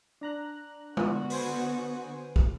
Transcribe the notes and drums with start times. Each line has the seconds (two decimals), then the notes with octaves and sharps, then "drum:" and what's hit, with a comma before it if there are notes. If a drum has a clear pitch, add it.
0.21 D4 A#5 F#6
0.97 D3 B3 F#4, drum: tom G#3
1.30 B4 C5 G#5, drum: open hi-hat
2.36 drum: kick